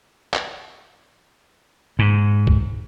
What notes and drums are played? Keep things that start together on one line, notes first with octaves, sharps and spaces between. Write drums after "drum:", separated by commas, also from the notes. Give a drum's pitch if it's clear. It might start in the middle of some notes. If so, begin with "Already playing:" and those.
drum: clap
G#2
drum: kick C2